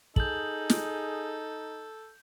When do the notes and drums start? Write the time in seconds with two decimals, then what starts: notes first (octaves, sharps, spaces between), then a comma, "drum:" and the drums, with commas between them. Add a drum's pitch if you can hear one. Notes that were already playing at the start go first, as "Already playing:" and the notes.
0.16 D#4 G#4 A4 G6 F#7, drum: kick
0.70 drum: snare